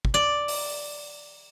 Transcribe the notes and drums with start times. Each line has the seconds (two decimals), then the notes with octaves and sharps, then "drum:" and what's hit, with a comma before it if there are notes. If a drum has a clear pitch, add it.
0.05 drum: kick
0.14 D5
0.48 drum: open hi-hat